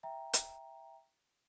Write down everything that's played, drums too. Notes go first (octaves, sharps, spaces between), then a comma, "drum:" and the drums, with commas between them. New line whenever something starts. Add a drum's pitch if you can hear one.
E5 G5 A#5
drum: hi-hat